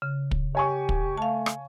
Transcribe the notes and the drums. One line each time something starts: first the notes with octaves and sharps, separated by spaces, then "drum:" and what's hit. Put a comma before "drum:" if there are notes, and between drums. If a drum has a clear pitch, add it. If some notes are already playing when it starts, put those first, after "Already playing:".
C#3
drum: kick
G4 C#5 G#5 C#6
drum: kick
A3 F5 A5
drum: rim click